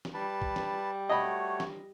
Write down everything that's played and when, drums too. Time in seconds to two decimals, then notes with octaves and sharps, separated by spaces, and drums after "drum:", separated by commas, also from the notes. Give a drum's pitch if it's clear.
0.05 drum: snare
0.14 G3 B4 A5
0.42 drum: kick
0.56 drum: snare
1.09 A3 F#4 C#5 D#5 B5
1.60 drum: snare